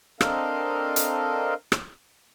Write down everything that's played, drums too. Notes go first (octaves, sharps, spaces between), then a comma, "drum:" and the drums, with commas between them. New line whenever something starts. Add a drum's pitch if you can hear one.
C4 D4 A4 A#4 D#5 F5, drum: rim click
drum: hi-hat
drum: rim click